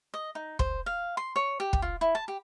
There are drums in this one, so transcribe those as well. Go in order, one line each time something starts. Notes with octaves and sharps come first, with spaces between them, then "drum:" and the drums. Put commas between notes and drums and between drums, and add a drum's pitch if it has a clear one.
D#5
D#4
C5, drum: kick
F5
C6
C#5
G4
drum: kick
F4
E4
A5
G4